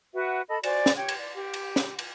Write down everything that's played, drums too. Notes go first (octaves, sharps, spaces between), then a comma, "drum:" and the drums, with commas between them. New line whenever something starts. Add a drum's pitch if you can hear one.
F#4 B4 E5 F#5
A4 D#5 A5 B5
F#4 C5 D5 G#5, drum: cymbal
drum: snare
G4 C#5 G5 G#6
drum: cymbal
D5
G4
drum: cymbal
drum: snare
drum: cymbal